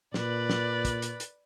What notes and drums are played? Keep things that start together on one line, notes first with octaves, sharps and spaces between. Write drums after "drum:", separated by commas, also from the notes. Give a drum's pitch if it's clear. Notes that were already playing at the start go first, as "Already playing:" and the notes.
A#2 B4 D5, drum: snare
drum: snare
drum: kick, hi-hat
drum: hi-hat
drum: hi-hat